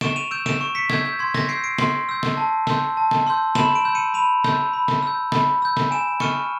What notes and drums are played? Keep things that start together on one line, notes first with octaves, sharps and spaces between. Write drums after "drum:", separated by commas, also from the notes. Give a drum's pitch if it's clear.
C#6 D7 E7, drum: snare
D#7 F7
E6 G6 D7 E7
D7 E7, drum: snare
C#6
B6 C#7
E6 G6 G#6, drum: snare
G6
C6 G#6
G#6 A#6, drum: snare
E6 G6 C7 D7
C7 D7
C6, drum: snare
E6 G6
drum: snare
A5
C6 E6 G6, drum: snare
A5
drum: snare
C6 E6 G6
B5 E7 F#7, drum: snare
D7 E7
E6 G6
C#7 D#7
B5 D#7 F7
E6 G6, drum: snare
B5
drum: snare
E6 G6
B5, drum: snare
E6 G6
drum: snare
G#5 D7 E7
C#6 F6 C#7 D#7, drum: snare